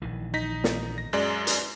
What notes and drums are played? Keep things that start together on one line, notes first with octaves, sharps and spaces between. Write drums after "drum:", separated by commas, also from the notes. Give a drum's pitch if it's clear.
A#1 D#3 E3
D#4 A#6 B6
drum: snare
A#6
F#2 G#3 D5
drum: hi-hat